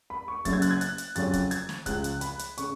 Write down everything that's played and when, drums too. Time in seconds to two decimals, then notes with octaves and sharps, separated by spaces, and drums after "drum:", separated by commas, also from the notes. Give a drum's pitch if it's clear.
0.10 B5
0.28 C#6
0.45 F#1 F#2 C#3 F#3 A6, drum: kick, hi-hat
0.53 G#6
0.62 F#6, drum: hi-hat
0.71 G#6
0.81 F#6, drum: hi-hat
0.98 drum: hi-hat
1.16 F2 C#3 F#3 C#4 F4 A6, drum: hi-hat
1.33 drum: kick, hi-hat
1.51 G#6, drum: hi-hat
1.69 drum: snare
1.86 C#2 C#3 F3 F#6, drum: kick, hi-hat
2.04 drum: hi-hat
2.21 B5, drum: hi-hat
2.39 drum: hi-hat
2.58 C#3 C#6, drum: hi-hat